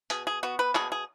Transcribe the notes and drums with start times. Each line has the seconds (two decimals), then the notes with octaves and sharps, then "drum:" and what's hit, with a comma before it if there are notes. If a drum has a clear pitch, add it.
0.10 B2 G#4, drum: hi-hat
0.27 G#4
0.43 B3 F#4
0.59 B4
0.75 B2 G#4, drum: clap
0.92 G#4